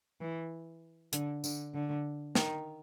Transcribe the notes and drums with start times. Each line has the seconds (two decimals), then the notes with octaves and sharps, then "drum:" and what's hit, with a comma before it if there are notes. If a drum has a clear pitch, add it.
0.21 E3
1.13 D3, drum: hi-hat
1.44 D3, drum: tambourine
1.74 D3
2.35 D#3, drum: snare